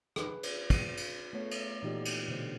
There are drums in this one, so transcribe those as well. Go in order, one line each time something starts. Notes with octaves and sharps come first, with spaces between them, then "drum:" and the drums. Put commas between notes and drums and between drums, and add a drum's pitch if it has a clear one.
G#4 B4, drum: rim click
drum: cymbal
drum: kick, cymbal
drum: cymbal
A3 B3 C#5
drum: cymbal
A#2 E3 D#4 F#4 G4 D5
drum: cymbal
B2 D3 A3 C5